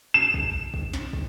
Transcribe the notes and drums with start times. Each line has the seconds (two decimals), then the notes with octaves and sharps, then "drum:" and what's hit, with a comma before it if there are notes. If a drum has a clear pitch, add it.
0.14 E7
0.34 drum: kick
0.74 drum: kick
0.93 drum: snare
1.13 drum: kick